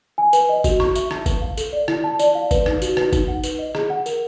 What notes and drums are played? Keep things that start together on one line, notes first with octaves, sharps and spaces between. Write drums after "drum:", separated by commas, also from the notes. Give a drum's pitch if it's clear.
G#5
B4, drum: tambourine
D#5
F#4, drum: kick, tambourine
C#6, drum: rim click
E5, drum: tambourine
A5, drum: rim click
B4, drum: kick, tambourine
F5
A4, drum: tambourine
D5
E4, drum: rim click
A5
D5, drum: tambourine
F5
B4, drum: kick, tambourine
D#4, drum: rim click
F#4, drum: tambourine
B4, drum: rim click
D#4, drum: kick, tambourine
F#5
B4, drum: tambourine
D#5
G#4, drum: rim click
F#5
A#4, drum: tambourine